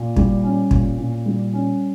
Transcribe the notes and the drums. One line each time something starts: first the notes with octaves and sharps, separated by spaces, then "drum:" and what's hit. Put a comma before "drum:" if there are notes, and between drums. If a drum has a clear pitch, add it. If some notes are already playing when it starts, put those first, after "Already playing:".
Already playing: A#2
G3, drum: kick
C#4
A#2, drum: kick
A#2
G3
C#4